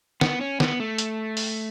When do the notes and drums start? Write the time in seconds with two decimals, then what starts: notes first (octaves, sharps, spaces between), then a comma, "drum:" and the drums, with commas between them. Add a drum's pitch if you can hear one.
0.21 B3, drum: snare
0.41 C#4
0.60 B3, drum: snare
0.80 A3
0.98 drum: hi-hat
1.37 drum: open hi-hat